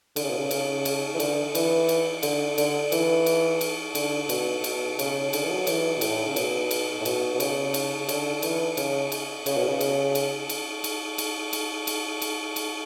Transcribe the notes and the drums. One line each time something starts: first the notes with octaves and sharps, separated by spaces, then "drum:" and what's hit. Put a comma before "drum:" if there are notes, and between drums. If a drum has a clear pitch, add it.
D3, drum: cymbal
C#3
B2
C#3
C#3, drum: cymbal
drum: cymbal
E3
D3, drum: cymbal
E3, drum: cymbal
drum: cymbal
D3, drum: cymbal
D3, drum: cymbal
E3, drum: cymbal
drum: cymbal
drum: cymbal
D3, drum: cymbal
B2, drum: cymbal
B2, drum: cymbal
C#3, drum: cymbal
D3, drum: cymbal
E3
F#3
E3, drum: cymbal
B2
A2, drum: cymbal
C#3
B2, drum: cymbal
drum: cymbal
A2
B2, drum: cymbal
B2
C#3, drum: cymbal
drum: cymbal
C#3
D3, drum: cymbal
E3, drum: cymbal
C#3, drum: cymbal
drum: cymbal
C#3, drum: cymbal
B2
C#3
drum: cymbal
drum: cymbal
drum: cymbal
drum: cymbal
drum: cymbal
drum: cymbal
drum: cymbal
drum: cymbal
drum: cymbal